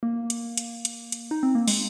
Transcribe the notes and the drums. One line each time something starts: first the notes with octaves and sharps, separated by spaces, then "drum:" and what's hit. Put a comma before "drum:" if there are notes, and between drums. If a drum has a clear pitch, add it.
A#3
drum: hi-hat
drum: hi-hat
drum: hi-hat
drum: hi-hat
D#4
C4
A#3
G#3, drum: open hi-hat